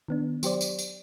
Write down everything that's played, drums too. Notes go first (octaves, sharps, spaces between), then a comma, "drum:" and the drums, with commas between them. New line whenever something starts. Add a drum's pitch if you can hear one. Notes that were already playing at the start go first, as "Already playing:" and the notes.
D#3 B3 D4
F#3 G4 C5 D5, drum: tambourine
drum: tambourine
drum: tambourine